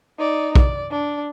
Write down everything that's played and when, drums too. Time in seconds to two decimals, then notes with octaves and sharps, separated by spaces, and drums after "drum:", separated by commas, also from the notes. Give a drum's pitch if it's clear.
0.18 D#4 D5
0.56 D5, drum: kick
0.91 D4